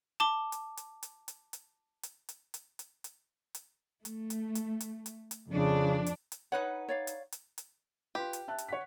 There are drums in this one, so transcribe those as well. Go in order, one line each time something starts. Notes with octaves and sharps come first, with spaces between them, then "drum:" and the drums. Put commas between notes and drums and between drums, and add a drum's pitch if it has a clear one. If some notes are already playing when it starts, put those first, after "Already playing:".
A5 D6 G7
drum: hi-hat
drum: hi-hat
drum: hi-hat
drum: hi-hat
drum: hi-hat
drum: hi-hat
drum: hi-hat
drum: hi-hat
drum: hi-hat
drum: hi-hat
drum: hi-hat
A3, drum: hi-hat
drum: hi-hat
drum: hi-hat
drum: hi-hat
drum: hi-hat
drum: hi-hat
F2 C#3 D4
drum: hi-hat
drum: hi-hat
D#4 B4 C#5 F#5
C#5 D5 F5
drum: hi-hat
drum: hi-hat
drum: hi-hat
F4 G4 B4
drum: hi-hat
E5 A5 F#6
drum: hi-hat
C#5 F#5 B6